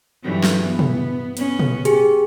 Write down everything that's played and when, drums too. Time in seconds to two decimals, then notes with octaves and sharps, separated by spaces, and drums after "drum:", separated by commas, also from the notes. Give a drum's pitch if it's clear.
0.23 G2 E3 F#3
0.43 drum: snare
0.64 B3
0.79 drum: tom
1.37 B3 C#4, drum: hi-hat
1.59 drum: tom
1.85 G4 G#4, drum: hi-hat